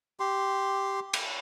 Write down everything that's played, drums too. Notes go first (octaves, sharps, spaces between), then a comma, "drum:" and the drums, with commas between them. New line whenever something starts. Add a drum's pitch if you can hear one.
G4 C6
drum: cymbal